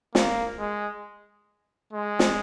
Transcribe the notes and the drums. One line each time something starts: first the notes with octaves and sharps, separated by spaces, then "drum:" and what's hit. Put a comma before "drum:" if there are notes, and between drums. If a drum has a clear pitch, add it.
A#3, drum: snare
G#3
G#3
drum: snare